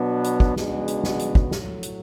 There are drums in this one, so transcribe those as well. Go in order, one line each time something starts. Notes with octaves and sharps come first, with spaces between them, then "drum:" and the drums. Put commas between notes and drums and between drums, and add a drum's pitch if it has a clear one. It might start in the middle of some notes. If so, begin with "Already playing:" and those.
Already playing: B2 F#3 B3 D4 F#4
drum: hi-hat
drum: kick
C#3 G#3 B3 D4 F#4, drum: snare
drum: hi-hat
drum: snare
drum: hi-hat
drum: kick
A2 F#3 A3, drum: snare
drum: hi-hat